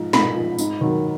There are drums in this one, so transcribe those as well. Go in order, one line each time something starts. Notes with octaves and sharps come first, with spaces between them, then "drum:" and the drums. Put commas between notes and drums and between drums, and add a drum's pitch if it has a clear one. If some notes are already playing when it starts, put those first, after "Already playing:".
Already playing: G#2 F3
G#2 B5, drum: snare
F3
G#2, drum: tambourine
D#3 F#3